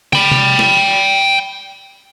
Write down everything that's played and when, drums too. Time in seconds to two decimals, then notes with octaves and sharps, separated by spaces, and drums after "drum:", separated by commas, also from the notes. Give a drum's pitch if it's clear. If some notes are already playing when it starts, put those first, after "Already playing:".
0.13 G5 B5, drum: tom
0.32 drum: tom C3
0.59 drum: snare